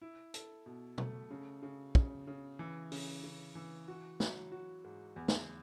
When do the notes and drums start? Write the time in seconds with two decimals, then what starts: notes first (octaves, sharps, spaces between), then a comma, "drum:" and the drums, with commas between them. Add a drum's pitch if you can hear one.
0.02 E4
0.34 A4, drum: hi-hat
0.66 B2
0.98 A3, drum: tom B2
1.31 C#3
1.63 C#3
1.95 C#3, drum: kick
2.27 C#3
2.59 E3
2.92 C#3, drum: open hi-hat
3.24 C#3
3.55 E3
3.88 F#4
4.20 F#3, drum: snare
4.52 F#4
4.84 G#2
5.16 E2
5.28 drum: snare